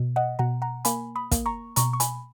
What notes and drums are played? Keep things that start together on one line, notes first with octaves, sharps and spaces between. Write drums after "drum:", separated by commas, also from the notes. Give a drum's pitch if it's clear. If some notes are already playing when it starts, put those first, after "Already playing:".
Already playing: B2
D#5 F#5
B2 F#5 A#5
F#5 A#5
A#3 G#5 B5, drum: hi-hat
B5 D#6
A#3, drum: kick, hi-hat
A#5 C#6
B2 A#5 C#6, drum: hi-hat
C#6
G#5 B5, drum: hi-hat